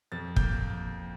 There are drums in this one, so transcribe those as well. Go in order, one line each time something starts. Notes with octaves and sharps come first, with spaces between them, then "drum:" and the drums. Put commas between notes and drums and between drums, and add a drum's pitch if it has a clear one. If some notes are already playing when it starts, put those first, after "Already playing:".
F2 A6
A#3 G6, drum: kick